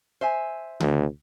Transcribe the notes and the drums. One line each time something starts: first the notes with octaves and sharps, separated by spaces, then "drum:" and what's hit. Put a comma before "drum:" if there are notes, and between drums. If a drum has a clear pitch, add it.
C5 E5 G#5
D2, drum: tom C#3